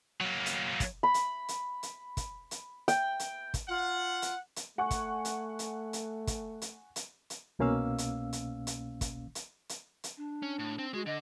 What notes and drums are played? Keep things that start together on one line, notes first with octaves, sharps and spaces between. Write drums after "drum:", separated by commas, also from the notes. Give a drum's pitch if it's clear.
F#3 A#3
drum: hi-hat
drum: kick, hi-hat
B5
drum: hi-hat
drum: hi-hat
drum: hi-hat
drum: kick, hi-hat
drum: hi-hat
G5, drum: hi-hat
drum: hi-hat
drum: kick, hi-hat
F4 F#5
drum: hi-hat
drum: hi-hat
A3 F#5 G#5 C#6
drum: kick, hi-hat
drum: hi-hat
drum: hi-hat
drum: hi-hat
drum: kick, hi-hat
drum: hi-hat
drum: hi-hat
drum: hi-hat
C2 B2 A#3 C#4 F5 E6
drum: hi-hat
drum: hi-hat
drum: hi-hat
drum: kick, hi-hat
drum: hi-hat
drum: hi-hat
drum: hi-hat
D4
C#4
A2
C4
G#3 F#4
D3 D#5